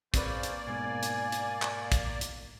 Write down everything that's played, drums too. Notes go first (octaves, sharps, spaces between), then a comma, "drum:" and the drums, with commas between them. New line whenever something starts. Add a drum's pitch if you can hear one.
A#3 C4 C#4 G#4 B4 C5 D5, drum: kick, hi-hat
drum: hi-hat
G#2 B2 G#5
drum: hi-hat
drum: hi-hat
drum: clap
drum: kick, hi-hat
drum: hi-hat